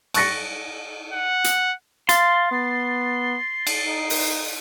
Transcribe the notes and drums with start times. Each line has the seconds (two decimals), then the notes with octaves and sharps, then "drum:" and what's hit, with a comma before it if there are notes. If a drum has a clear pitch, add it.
0.14 C#6 F#6 A6 A#6 C#7, drum: cymbal
1.13 F#5
1.44 drum: hi-hat
2.09 F5 C6 A6, drum: hi-hat
2.51 B3 C7
3.67 drum: cymbal
3.86 D#4
4.10 drum: open hi-hat